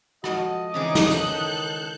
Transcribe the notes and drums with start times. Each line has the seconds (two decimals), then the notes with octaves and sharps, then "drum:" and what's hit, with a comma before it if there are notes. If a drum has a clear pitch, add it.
0.24 F3 G#3 F#4 A4 D#5, drum: rim click
0.74 C#3 E3 G#3 C4 D#4 G#4 D6
0.95 drum: snare
1.11 D#3 C#4 A4 F#6 G6, drum: hi-hat